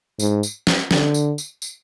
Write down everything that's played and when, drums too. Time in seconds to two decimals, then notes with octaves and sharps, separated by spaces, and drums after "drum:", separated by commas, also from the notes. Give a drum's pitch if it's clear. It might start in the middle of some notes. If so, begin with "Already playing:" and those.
0.20 G#2, drum: tambourine
0.43 drum: tambourine
0.67 drum: snare
0.91 D3, drum: snare
1.14 drum: tambourine
1.38 drum: tambourine
1.62 drum: tambourine